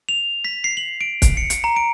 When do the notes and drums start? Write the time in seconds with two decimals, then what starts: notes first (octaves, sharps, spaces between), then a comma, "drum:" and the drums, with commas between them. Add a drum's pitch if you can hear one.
0.09 F7
0.45 B6
0.64 C7
0.77 F#7
1.01 D7
1.22 drum: kick, hi-hat
1.37 C#7
1.50 drum: hi-hat
1.64 A#5
1.76 D7